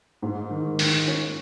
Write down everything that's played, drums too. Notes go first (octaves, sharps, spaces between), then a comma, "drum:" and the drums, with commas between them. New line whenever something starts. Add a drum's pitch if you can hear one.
G#2
D#3
D#3, drum: open hi-hat
C#4